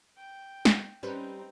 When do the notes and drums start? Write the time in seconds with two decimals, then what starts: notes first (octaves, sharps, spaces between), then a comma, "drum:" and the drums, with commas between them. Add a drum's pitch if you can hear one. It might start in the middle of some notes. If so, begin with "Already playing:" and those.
0.17 G5
0.65 drum: snare
1.03 G3 C4 C#4 D#4 B4 C5